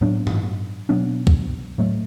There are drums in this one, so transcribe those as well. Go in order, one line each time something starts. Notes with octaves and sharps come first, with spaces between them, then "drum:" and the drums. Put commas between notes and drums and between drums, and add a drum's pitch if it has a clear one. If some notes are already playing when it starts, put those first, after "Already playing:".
A2 F#3 B3 D4
drum: tom G2
B2 F#3 B3 D4
drum: kick C2
A2 F#3 A3